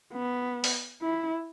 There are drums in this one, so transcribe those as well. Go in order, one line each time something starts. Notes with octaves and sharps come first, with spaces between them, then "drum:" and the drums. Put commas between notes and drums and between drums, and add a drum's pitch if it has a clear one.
B3
drum: open hi-hat
E4